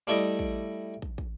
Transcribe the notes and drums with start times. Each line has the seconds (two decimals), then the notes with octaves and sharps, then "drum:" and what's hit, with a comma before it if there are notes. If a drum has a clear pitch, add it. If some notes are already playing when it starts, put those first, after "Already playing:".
0.07 G3 A3 E4 D5 D#5
0.39 drum: kick
1.02 drum: kick
1.18 drum: kick